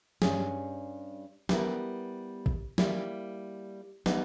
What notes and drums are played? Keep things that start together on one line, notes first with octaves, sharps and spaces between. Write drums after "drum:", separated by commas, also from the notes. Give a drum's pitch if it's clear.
G2 G3 C#4 G#4, drum: snare
G3 B3 E4 A#4, drum: snare
drum: kick A1
G3 A#3 E4, drum: snare
G3 B3 D#4, drum: snare